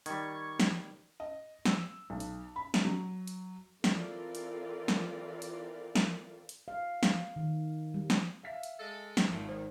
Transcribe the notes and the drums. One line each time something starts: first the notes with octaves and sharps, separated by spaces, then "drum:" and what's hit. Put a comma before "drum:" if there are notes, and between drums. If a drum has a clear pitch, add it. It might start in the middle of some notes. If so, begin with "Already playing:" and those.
D#3 G3 C#6 G#6, drum: hi-hat
drum: snare
D#5
E6, drum: snare
B1
drum: hi-hat
B5
drum: snare
F#3
drum: hi-hat
E3 C4 F4 A4 A#4 D5, drum: snare
drum: hi-hat
drum: snare
drum: hi-hat
drum: snare
drum: hi-hat
F5
drum: snare
D#3
G3
drum: snare
E5 F5 B6
drum: hi-hat
G#3 A4
drum: snare
G#1 F3 A3
D#3 C5